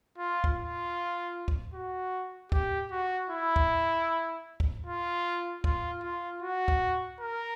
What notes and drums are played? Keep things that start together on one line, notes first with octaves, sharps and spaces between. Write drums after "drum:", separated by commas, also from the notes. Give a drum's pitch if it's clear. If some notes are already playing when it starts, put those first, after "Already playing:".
F4
drum: kick
F4
drum: kick
F#4
G4, drum: kick
F#4
E4
drum: kick
drum: kick
F4
F4, drum: kick
F4
F#4
drum: kick
A#4